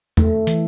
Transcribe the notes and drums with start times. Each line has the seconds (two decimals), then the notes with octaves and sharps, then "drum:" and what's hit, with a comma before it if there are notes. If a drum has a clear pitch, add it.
0.17 A3, drum: tom E2
0.47 E3, drum: hi-hat